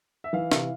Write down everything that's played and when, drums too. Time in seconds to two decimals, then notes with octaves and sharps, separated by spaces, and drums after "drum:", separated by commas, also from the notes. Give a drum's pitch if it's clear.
0.24 E5
0.33 E3 F5
0.52 C3, drum: snare